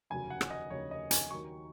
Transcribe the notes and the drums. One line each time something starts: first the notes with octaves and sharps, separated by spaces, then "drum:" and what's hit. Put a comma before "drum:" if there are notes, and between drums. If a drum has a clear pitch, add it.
F1 D#2 C#3 F#3 G#5
F#5
drum: rim click
D#5
F1 D#2 C#3 F#3 C#5
D#5
G#5, drum: hi-hat
D#2 D#3 F#3 C#6